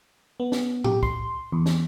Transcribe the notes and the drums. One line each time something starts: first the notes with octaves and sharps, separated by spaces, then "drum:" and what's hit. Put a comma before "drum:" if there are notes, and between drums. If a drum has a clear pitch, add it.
B3
drum: snare
G4, drum: tom A2
C6, drum: kick
E2
drum: snare